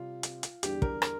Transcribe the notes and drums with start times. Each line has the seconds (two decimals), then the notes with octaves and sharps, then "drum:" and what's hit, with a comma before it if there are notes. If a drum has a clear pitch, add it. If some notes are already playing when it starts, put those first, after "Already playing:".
Already playing: C3 G3 C4 F4
0.23 drum: hi-hat
0.43 drum: hi-hat
0.63 E2 D3 G3 D4 G4, drum: hi-hat
0.82 A#4, drum: kick
1.02 A#4, drum: rim click